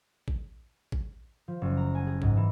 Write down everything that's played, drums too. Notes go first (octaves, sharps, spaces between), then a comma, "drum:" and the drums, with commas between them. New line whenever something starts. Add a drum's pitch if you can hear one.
drum: kick A1
drum: kick A1
F3
F#1
A#5
G#5
G#4
G#2, drum: kick A1
E3